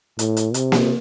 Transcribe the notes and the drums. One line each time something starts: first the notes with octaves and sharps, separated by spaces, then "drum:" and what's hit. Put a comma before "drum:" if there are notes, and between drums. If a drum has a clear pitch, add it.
A2, drum: hi-hat
drum: hi-hat
C3, drum: hi-hat
drum: snare A#3